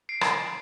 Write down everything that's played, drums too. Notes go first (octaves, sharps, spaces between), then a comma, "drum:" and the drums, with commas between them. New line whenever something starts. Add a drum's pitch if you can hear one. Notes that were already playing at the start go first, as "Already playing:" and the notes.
C7 D7
drum: rim click